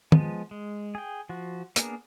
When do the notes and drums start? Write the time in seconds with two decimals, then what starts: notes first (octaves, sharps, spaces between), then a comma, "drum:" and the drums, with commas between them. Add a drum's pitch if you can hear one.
0.12 F3 G#3 B3, drum: tom
0.51 G#3
0.95 G#4 G5
1.29 F3 F#4
1.76 A#3 B3 D4 G#4 A#4, drum: hi-hat